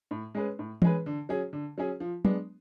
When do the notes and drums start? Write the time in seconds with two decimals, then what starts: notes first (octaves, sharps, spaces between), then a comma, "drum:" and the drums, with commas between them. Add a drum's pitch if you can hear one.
0.11 A2
0.35 G#3 C#4 G#4 B4
0.59 A2
0.82 G#3 C#4 G#4 B4, drum: tom E3
1.06 D3
1.29 F#3 C#4 G#4
1.53 D3
1.78 F#3 C#4 G#4
2.00 F3
2.25 G#3 B3 D4, drum: tom F#3